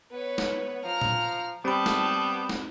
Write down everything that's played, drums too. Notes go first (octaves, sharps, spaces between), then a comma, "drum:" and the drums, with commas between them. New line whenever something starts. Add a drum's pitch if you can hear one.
B3 B4 C#5
drum: snare
F3 A#5 F6
drum: tom A#2
G3 B3 C4 A5 B5 G6
drum: snare
drum: snare